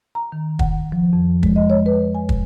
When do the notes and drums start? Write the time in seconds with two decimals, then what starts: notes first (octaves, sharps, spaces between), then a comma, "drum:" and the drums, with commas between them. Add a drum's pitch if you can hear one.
0.15 A#5
0.32 D#3
0.59 F#5, drum: kick
0.92 F3
1.13 F2
1.43 G#3, drum: kick
1.56 D#5
1.70 C#5
1.86 B4
2.15 G#5
2.29 drum: kick